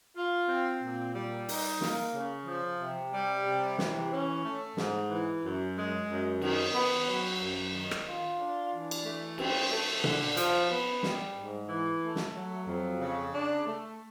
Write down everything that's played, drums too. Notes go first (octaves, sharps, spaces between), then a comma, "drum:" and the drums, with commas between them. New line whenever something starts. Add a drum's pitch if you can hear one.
F4
C4
A#2
G3
D#4, drum: open hi-hat
A#3, drum: snare
C#3
F3
C3
G3
C3
E3, drum: snare
C#4
A3
G#2, drum: snare
E3
F#2
G#3
F#2
D#3, drum: cymbal
B3
F#3
F#2
D#3
drum: rim click
F4
D4
E3
drum: cymbal
A3
C4, drum: cymbal
A3
D3, drum: tom B2
F3, drum: hi-hat
B3
G3, drum: snare
G#2
E3
A3
drum: snare
F#3
F2
C#3
D4
A3